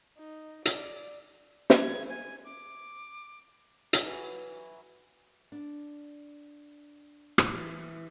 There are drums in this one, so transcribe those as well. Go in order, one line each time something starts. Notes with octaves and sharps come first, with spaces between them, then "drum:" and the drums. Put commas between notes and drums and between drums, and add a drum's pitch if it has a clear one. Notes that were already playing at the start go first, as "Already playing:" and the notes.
D#4
D5, drum: hi-hat
G#6, drum: snare
G#5
D6
drum: hi-hat
E3 F#3
D4
A#2, drum: rim click
E3